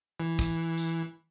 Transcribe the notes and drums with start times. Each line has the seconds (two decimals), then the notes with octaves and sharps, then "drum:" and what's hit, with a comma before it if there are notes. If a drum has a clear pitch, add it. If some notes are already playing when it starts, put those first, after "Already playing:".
0.20 E3
0.39 drum: kick, tambourine
0.78 drum: tambourine